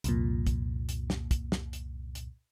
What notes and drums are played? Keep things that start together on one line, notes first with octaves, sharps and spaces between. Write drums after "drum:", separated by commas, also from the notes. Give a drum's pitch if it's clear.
C2 F2 A#2, drum: hi-hat
drum: kick, hi-hat
drum: hi-hat
drum: snare
drum: kick, hi-hat
drum: snare
drum: hi-hat
drum: hi-hat